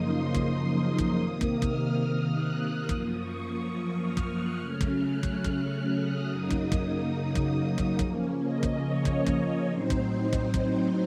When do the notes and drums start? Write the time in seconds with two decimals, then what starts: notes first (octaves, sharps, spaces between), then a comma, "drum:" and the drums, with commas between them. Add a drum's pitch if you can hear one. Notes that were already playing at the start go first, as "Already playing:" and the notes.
Already playing: F#2 C#3 F3 A#3 D#4 C6 D#6
0.34 C6, drum: kick
0.98 drum: kick
1.19 C3 D#3 A#3 D#6
1.41 drum: kick
1.62 F6, drum: kick
2.04 F6
2.33 F#6
2.61 F6
2.89 F#2 F3 A#3 D#6, drum: kick
3.17 C#6
3.46 D#6
3.74 C#6
4.03 F6
4.17 drum: kick
4.31 F#6
4.60 C#3 F#3 A3 C#4 F6
4.81 drum: kick
5.02 F#6
5.23 drum: kick
5.44 F#6, drum: kick
5.73 F6
6.00 D#6
6.29 F#2 C#3 F#3 A#3 D#4
6.50 drum: kick
6.72 drum: kick
7.35 drum: kick
7.78 drum: kick
7.99 C#3 F3 A#3 C#4, drum: kick
8.42 D#5
8.63 drum: kick
8.84 C#5
9.05 drum: kick
9.26 drum: kick
9.69 A2 F#3 C4 D#4 C5
9.90 drum: kick
10.33 drum: kick
10.54 C5, drum: kick